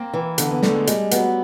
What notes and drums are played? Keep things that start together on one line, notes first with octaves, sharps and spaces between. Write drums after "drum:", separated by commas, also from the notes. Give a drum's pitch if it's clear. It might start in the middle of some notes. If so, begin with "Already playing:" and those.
Already playing: A#3 C4
E3
D3 B3, drum: hi-hat
B3
D3 A3, drum: snare
G#3
G3 G#3, drum: hi-hat
F#3 B3, drum: hi-hat